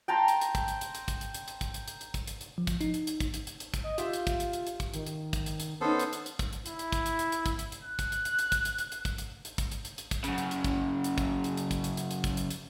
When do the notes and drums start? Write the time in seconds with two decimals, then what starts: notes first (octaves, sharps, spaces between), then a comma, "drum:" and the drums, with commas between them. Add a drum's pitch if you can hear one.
0.08 G5 A5 A#5 C6
0.28 drum: hi-hat
0.41 drum: hi-hat
0.55 drum: kick, hi-hat
0.68 drum: hi-hat
0.81 drum: hi-hat
0.95 drum: hi-hat
1.08 drum: kick, hi-hat
1.21 drum: hi-hat
1.34 drum: hi-hat
1.48 drum: hi-hat
1.61 drum: kick, hi-hat
1.74 drum: hi-hat
1.88 drum: hi-hat
2.01 drum: hi-hat
2.14 drum: kick, hi-hat
2.27 drum: hi-hat
2.41 drum: hi-hat
2.58 F3
2.67 drum: kick, hi-hat
2.81 D#4, drum: hi-hat
2.94 drum: hi-hat
3.07 drum: hi-hat
3.20 drum: kick, hi-hat
3.34 drum: hi-hat
3.47 drum: hi-hat
3.60 drum: hi-hat
3.74 drum: kick, hi-hat
3.84 D#5
3.98 F4 G4 E5, drum: hi-hat
4.13 drum: hi-hat
4.27 drum: kick, hi-hat
4.40 drum: hi-hat
4.53 drum: hi-hat
4.67 drum: hi-hat
4.80 drum: kick, hi-hat
4.94 D#3, drum: hi-hat
5.06 drum: hi-hat
5.33 drum: kick, hi-hat
5.46 drum: hi-hat
5.60 drum: hi-hat
5.81 B3 C#4 D#4 A4 C5
5.99 drum: hi-hat
6.13 drum: hi-hat
6.26 drum: hi-hat
6.39 drum: kick, hi-hat
6.53 drum: hi-hat
6.66 E4, drum: hi-hat
6.79 drum: hi-hat
6.92 drum: kick, hi-hat
7.06 drum: hi-hat
7.19 drum: hi-hat
7.32 drum: hi-hat
7.46 drum: kick, hi-hat
7.59 drum: hi-hat
7.72 drum: hi-hat
7.82 F#6
7.99 drum: kick, hi-hat
8.12 drum: hi-hat
8.25 drum: hi-hat
8.39 drum: hi-hat
8.52 drum: kick, hi-hat
8.65 drum: hi-hat
8.78 drum: hi-hat
8.92 drum: hi-hat
9.05 drum: kick, hi-hat
9.18 drum: hi-hat
9.45 drum: hi-hat
9.58 drum: kick, hi-hat
9.71 drum: hi-hat
9.85 drum: hi-hat
9.98 drum: hi-hat
10.11 drum: kick, hi-hat
10.24 F#2 C#3, drum: hi-hat
10.38 drum: hi-hat
10.51 drum: hi-hat
10.64 drum: kick, hi-hat
11.04 drum: hi-hat
11.18 drum: kick, hi-hat
11.44 drum: hi-hat
11.57 drum: hi-hat
11.71 drum: kick, hi-hat
11.84 drum: hi-hat
11.97 drum: hi-hat
12.11 drum: hi-hat
12.24 drum: kick, hi-hat
12.37 drum: hi-hat
12.50 drum: hi-hat